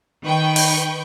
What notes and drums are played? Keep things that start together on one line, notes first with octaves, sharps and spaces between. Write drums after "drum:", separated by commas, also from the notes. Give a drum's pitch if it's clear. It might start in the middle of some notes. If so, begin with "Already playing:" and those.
D#3 B4 G5 C#6
drum: open hi-hat